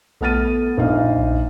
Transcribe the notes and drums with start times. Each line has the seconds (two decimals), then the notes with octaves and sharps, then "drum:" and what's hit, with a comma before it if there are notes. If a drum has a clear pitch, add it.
0.21 A3 B3 F6 A6 D#7, drum: kick A#1
0.77 A#1 D#4 F5
1.18 drum: kick A#1